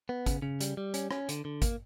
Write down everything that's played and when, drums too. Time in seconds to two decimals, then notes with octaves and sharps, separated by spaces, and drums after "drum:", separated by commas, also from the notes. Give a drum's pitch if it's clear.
0.09 B3
0.26 C#3, drum: kick, hi-hat
0.42 C#3
0.61 G3, drum: hi-hat
0.77 G3
0.94 C#4, drum: hi-hat
1.11 C#4, drum: rim click
1.29 D3, drum: hi-hat
1.45 D3
1.62 A#3, drum: kick, hi-hat